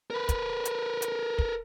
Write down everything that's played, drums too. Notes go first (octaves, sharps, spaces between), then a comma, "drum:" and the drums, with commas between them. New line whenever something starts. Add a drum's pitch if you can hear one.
A#4 B4
drum: kick, hi-hat
drum: hi-hat
drum: hi-hat
drum: kick